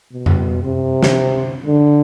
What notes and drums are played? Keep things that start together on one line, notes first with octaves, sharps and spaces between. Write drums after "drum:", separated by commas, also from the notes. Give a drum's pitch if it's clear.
B2
drum: tom F2
C3
drum: snare
D3